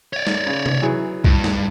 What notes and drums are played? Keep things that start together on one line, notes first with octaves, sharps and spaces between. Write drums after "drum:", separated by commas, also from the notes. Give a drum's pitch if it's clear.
C#5 D5
drum: snare
C#3
drum: tom C3
E3 F#3 G#4
G2, drum: kick C2
drum: snare